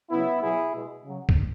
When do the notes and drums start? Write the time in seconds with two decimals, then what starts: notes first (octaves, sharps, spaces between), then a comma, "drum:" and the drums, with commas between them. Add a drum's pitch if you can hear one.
0.10 C#3 F#3 B3 E4
0.41 B2 F#3 E4 G#4
0.74 B2 G#3
1.05 C#3 F#3
1.29 drum: kick